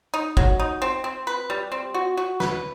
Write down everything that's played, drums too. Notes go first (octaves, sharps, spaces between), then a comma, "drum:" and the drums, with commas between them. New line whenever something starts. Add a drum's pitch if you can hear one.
D#4
F#3, drum: kick
D#4
C4
C4
B4
G3
C4
F#4
F#4
B4, drum: snare